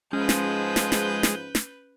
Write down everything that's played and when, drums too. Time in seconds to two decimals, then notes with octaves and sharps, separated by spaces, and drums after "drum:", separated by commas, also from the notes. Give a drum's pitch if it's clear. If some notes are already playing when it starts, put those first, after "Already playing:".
0.13 G#2 F3 G#3 C#4 B4 G6
0.29 drum: snare
0.76 drum: snare
0.92 drum: snare
1.23 drum: snare
1.55 drum: snare